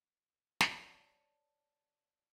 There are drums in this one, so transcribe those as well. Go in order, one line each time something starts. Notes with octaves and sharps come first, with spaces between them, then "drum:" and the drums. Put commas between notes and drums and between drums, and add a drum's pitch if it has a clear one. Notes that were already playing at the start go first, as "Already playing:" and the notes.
C#5 D5 A5, drum: snare